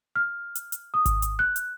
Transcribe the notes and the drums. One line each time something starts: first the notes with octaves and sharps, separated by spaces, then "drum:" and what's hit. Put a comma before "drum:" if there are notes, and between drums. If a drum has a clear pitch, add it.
F6
drum: hi-hat
drum: hi-hat
D#6
drum: kick G#1, hi-hat
drum: hi-hat
F#6
drum: hi-hat